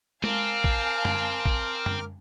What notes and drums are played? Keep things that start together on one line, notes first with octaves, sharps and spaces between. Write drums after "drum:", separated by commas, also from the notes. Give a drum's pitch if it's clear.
C4 A#4 F5 G#5 A5 D6 F6, drum: tom G#3
drum: kick
drum: tom F#2
drum: kick
drum: tom F#2